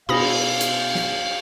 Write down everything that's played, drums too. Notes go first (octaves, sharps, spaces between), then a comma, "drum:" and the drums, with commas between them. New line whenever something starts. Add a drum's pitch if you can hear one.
B2 F#4 F5 B5 D#6 A#6, drum: cymbal
drum: hi-hat
drum: snare